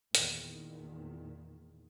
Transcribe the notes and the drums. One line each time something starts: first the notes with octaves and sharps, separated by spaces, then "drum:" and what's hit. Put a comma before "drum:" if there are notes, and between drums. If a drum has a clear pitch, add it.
E2 A#2 D#3, drum: hi-hat